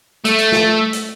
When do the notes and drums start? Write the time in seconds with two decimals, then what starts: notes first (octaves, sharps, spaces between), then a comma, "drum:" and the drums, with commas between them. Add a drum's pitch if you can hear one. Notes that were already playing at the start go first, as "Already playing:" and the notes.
0.25 A3, drum: hi-hat
0.39 drum: hi-hat
0.52 drum: snare
0.93 drum: hi-hat